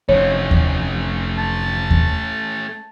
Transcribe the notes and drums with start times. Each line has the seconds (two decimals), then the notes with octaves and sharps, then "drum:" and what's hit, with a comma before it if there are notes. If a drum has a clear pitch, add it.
0.09 F1 C3 A3 C#4 C#5
0.51 drum: kick D#2
1.38 A5
1.91 drum: kick D#2